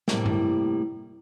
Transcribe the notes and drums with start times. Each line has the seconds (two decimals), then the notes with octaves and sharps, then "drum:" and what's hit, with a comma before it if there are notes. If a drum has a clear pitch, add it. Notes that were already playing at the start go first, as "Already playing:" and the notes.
0.08 A2 C3 G3 A#3, drum: snare
0.26 drum: tom G2